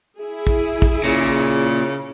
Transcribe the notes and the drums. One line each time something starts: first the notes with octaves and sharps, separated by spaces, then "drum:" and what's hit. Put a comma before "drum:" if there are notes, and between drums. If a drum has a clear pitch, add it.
E4 G#4
drum: kick
drum: kick
A#2 C#3